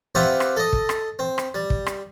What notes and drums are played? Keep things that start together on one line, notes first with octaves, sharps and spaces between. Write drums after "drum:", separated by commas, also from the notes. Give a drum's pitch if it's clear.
C4 F4 G4 B4 E5 F#5
drum: rim click
A4 D#5
drum: kick
drum: rim click
C4
drum: rim click
G3
drum: kick
drum: rim click